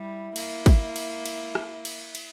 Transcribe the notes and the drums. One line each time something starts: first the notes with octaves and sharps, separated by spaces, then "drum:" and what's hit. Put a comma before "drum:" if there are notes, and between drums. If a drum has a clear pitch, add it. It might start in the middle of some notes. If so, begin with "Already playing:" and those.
Already playing: G3 E4
A#3, drum: cymbal
drum: kick, cymbal
drum: cymbal
drum: cymbal
drum: rim click
drum: cymbal
drum: cymbal